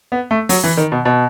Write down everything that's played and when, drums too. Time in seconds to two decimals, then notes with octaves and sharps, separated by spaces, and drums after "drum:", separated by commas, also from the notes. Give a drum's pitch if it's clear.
0.12 B3
0.31 A3
0.49 F#3, drum: open hi-hat
0.64 E3
0.77 D#3
0.92 B2
1.05 B2